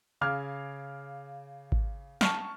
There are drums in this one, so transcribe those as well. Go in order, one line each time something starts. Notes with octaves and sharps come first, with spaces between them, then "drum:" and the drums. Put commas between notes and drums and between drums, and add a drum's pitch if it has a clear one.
C#3 F5 D6 F6 G#6
drum: kick G#1
A5 C#6 F6, drum: snare